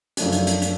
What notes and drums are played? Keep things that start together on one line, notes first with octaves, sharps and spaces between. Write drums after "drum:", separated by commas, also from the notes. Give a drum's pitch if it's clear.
F#2 F3 A3 D4, drum: hi-hat
drum: hi-hat
drum: hi-hat
drum: hi-hat